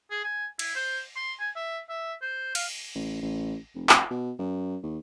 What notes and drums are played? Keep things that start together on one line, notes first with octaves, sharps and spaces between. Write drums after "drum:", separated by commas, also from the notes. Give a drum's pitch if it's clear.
G#4
G#5
E4, drum: cymbal
C5
C6
G#5
E5
E5
C5
F5, drum: cymbal
A1
A1
F1
drum: clap
B2
F#2
D#2